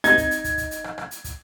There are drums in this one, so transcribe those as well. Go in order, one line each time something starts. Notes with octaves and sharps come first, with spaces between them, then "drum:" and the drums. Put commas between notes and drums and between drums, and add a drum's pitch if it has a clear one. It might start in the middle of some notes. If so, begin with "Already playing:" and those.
D#4 G#6, drum: hi-hat
drum: kick, hi-hat
drum: hi-hat
drum: kick, hi-hat
drum: kick, hi-hat
drum: hi-hat
drum: rim click
drum: rim click
drum: hi-hat
drum: kick, hi-hat